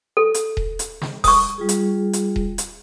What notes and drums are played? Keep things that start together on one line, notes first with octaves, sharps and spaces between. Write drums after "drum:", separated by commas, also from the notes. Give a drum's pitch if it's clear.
A4
drum: hi-hat
drum: kick D#1
drum: hi-hat
drum: snare
C#6 D#6, drum: kick D#1, open hi-hat
G3 F4 G#4
drum: hi-hat
drum: hi-hat
drum: kick D#1
drum: hi-hat